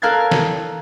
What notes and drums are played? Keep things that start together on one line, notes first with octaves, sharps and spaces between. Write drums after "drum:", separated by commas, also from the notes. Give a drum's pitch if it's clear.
A4 A#4 F5 F#6 G#6 A6
drum: snare